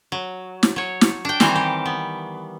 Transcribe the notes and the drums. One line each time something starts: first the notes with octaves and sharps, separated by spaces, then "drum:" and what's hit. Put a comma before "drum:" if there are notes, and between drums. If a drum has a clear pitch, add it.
F#3
drum: snare
F#3 C#5
drum: snare
D4 G5
D#3 E3 G3 C4 G#5 A#5, drum: snare
G4
B3